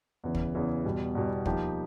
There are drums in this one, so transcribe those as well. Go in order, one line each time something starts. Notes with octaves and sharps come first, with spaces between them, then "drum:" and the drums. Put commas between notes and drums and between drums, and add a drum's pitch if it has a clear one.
E2 C#3 E3
drum: kick
E2 C#3 E3
E2 B2 G3
E2 B2 G3
F3 A#3 D#4 G4, drum: kick